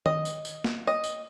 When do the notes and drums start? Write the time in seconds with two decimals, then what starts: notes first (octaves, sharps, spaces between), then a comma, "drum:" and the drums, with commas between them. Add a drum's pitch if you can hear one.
0.06 D#5, drum: tom D#3
0.25 drum: tambourine
0.45 drum: tambourine
0.64 drum: snare A#3
0.87 D#5
1.04 drum: tambourine